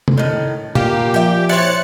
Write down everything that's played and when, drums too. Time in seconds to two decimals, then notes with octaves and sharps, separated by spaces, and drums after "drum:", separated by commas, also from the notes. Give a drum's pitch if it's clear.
0.08 drum: tom C3
0.18 A2 D#3
0.75 A#2 A#3 G4, drum: tom A#2
1.14 F3 E5 G5
1.49 E4 C5 C#5 F#6 A6 C#7